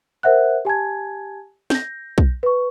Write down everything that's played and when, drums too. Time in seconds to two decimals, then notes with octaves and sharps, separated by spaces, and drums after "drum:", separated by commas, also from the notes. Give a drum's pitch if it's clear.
0.23 A#4 C5 E5 F#5 F#6
0.65 G4 G#5 A5 G#6
1.70 G6 A#6, drum: snare
2.18 drum: kick
2.43 B4 C#6